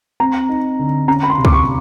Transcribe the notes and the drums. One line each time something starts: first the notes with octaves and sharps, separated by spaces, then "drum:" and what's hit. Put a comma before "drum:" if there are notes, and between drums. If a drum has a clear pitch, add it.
C4 A#5
D#4
D3
C#4 A#5
B5
C6
C3
D6, drum: kick
C#6